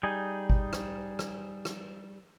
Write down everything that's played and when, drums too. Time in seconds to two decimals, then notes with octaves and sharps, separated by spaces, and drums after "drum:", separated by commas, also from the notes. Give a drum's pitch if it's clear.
0.03 G3 D#4 G#4
0.50 drum: kick G#1
0.73 drum: rim click
1.19 drum: rim click
1.65 drum: rim click